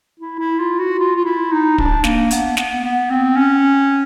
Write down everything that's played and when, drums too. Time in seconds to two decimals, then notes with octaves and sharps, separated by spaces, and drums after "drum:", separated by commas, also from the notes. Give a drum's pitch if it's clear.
0.19 E4
0.39 E4
0.59 F4
0.78 F#4
0.99 F4
1.16 F4
1.25 E4
1.52 D#4
1.78 D4, drum: kick
2.04 A#3, drum: snare
2.31 B3, drum: hi-hat
2.57 B3, drum: snare
2.84 B3
3.10 C4
3.36 C#4